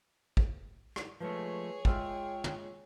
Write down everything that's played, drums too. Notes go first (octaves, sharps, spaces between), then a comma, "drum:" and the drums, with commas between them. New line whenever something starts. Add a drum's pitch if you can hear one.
drum: kick
drum: rim click
F3 G#3 A3 G#4 B4 C#5
G#3 F4 E5 G5, drum: kick
drum: tom